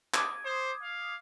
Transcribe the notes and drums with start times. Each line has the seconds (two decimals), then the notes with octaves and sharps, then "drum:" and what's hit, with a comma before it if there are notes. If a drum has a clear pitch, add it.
0.14 D6 D#6 G#6, drum: clap
0.45 C5
0.82 F5